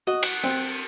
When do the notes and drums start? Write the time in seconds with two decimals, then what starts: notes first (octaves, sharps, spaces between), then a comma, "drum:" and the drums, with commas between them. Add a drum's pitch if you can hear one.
0.07 F#4 D#5
0.23 F#5, drum: cymbal
0.44 C4